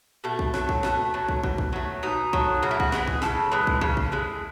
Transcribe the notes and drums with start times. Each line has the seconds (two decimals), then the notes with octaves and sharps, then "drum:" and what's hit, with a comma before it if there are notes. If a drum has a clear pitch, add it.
0.24 B2 A3
0.39 drum: kick
0.54 F#3 A3, drum: snare
0.69 drum: kick
0.83 B2 A3, drum: snare
1.14 F#3 A3
1.28 drum: kick
1.43 B2, drum: kick
1.58 drum: kick
1.73 F#3 A3
2.03 B2 D#4
2.33 F#3 A3, drum: kick
2.63 C#3 F#4
2.71 E4
2.80 F#4, drum: kick
2.92 E3 G#3 G#4, drum: snare
3.07 drum: kick
3.22 C#3 A4, drum: snare
3.52 E3 G#3
3.67 drum: kick
3.81 C#3, drum: kick
3.97 drum: kick
4.12 E3 G#3